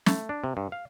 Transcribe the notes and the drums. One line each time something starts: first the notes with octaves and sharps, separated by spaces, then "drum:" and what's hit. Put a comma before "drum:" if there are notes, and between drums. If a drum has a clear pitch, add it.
A3, drum: snare
D4
C3
G2
F5